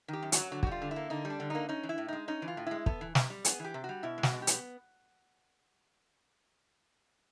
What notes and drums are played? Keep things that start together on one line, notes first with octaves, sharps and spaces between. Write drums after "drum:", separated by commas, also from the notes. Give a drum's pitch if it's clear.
D#3 G4
F#2
F#3 F#4, drum: hi-hat
D3 F#4
F#4, drum: kick
G3 F4
D3
E4
A#3
D3 D#4
G3
D4
D3
A#3 D#4
C#4 D#4
E3
E4
A2
G#3 D#4
C#4 D#4
E3
F4
A2
G#3 E4
B3 A4, drum: kick
E3
C3, drum: snare
G3
B3 G#4, drum: hi-hat
E3
G4
C3
F#4
G3
B2 E4
G#3
F#4, drum: snare
B2
G4
B3, drum: hi-hat